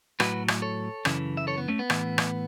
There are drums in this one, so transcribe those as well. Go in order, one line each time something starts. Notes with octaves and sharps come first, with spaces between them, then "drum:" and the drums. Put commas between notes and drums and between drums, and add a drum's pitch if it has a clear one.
A2 F#3 F#4 B4, drum: rim click
drum: rim click
A4 C#5
F#2 C#3 E3, drum: rim click
E5
A4 C#5
B3
A3 C#4
B3
A2 E3, drum: rim click
drum: rim click